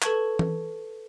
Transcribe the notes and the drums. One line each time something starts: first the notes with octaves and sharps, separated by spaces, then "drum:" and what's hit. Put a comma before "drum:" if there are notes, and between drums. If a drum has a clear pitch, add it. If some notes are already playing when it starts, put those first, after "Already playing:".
A4 B4 A5 C#6 G#6, drum: clap
drum: tom E3